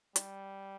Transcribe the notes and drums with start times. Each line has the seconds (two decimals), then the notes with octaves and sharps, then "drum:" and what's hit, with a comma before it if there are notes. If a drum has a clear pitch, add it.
0.16 G3, drum: hi-hat